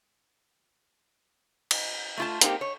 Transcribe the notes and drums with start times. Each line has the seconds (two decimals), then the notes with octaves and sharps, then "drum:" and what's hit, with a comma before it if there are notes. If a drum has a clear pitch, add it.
1.71 drum: cymbal
2.17 A3 F4 A5
2.41 A#3 C4 D#4 F4 G4, drum: hi-hat
2.61 C#5